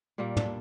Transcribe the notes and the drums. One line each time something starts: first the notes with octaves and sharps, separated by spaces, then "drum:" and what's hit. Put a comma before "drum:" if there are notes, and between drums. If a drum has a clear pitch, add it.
A#2 G3 A#3
D4, drum: tom